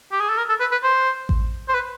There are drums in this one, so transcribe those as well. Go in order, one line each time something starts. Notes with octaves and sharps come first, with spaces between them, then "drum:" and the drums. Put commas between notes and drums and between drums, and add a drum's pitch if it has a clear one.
G4
G#4
A4
A#4
A4
B4
B4
C5
drum: kick A1
C5
B4